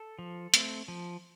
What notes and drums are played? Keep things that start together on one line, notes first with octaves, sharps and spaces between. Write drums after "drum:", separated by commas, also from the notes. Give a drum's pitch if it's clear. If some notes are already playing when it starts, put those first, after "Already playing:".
Already playing: A4
F3
A3 C4, drum: hi-hat
F3